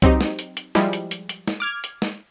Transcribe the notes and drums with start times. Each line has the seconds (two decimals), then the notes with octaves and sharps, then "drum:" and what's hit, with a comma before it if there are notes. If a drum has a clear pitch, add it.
0.02 F#3 C4 D#4 G4, drum: kick C2, hi-hat
0.21 drum: snare
0.39 drum: hi-hat
0.57 drum: hi-hat
0.75 F3 G3 G#3 E4, drum: snare
0.93 drum: hi-hat
1.11 drum: hi-hat
1.29 drum: hi-hat
1.48 drum: snare
1.60 D6 F6 G#6
1.84 drum: hi-hat
2.02 drum: snare